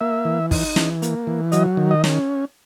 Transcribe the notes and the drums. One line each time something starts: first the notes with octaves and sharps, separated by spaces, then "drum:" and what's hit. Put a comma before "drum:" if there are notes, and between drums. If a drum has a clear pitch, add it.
A#3 E5
E3
D#4, drum: kick, open hi-hat
E3, drum: snare
A#3, drum: hi-hat
E3
F#3 D#5, drum: hi-hat
D#3
D#5
C#4, drum: snare